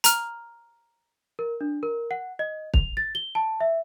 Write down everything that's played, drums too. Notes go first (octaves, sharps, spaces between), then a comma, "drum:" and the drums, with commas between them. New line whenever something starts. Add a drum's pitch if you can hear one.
A#5 F6, drum: hi-hat
A#4
D4
A#4
F#5
D#5
F7, drum: kick
A6
G7
A5
E5